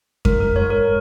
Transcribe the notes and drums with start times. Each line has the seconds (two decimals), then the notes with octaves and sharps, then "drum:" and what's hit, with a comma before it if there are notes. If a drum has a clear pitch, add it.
0.25 G#2 A#4, drum: kick F2
0.40 A#4
0.56 G#2 C#5
0.70 A#4